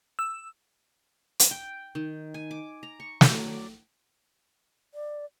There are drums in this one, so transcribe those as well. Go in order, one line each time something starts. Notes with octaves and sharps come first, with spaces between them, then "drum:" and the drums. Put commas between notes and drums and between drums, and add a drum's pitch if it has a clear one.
E6
drum: hi-hat
G5
D#3
G#5
D6
A#5
C#6
F#3, drum: snare
D5
D5